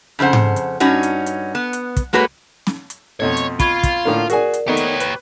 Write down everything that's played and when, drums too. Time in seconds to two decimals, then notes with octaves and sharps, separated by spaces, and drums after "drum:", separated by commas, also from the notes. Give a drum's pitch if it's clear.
0.19 F2 C#3 D4 C5 F#5
0.33 drum: tom G#2
0.56 drum: hi-hat
0.80 G2 C#4 D#4 F#4, drum: hi-hat
1.03 drum: hi-hat
1.26 drum: hi-hat
1.55 B3
1.73 drum: hi-hat
1.97 drum: kick, hi-hat
2.13 G#3 A#3 F#4 B4 C#5
2.67 drum: snare
2.90 drum: hi-hat
3.20 F2 B2 A3 C#5
3.37 drum: hi-hat
3.59 F4 B5 C#6 G#6, drum: kick, hi-hat
3.83 drum: kick, hi-hat
4.05 A2 D3 A#3
4.30 F#4 G#4 A#4 D5 G#5, drum: hi-hat
4.54 drum: hi-hat
4.68 A3 B3 D#4 G4 C#5
4.77 drum: hi-hat
5.00 B4, drum: hi-hat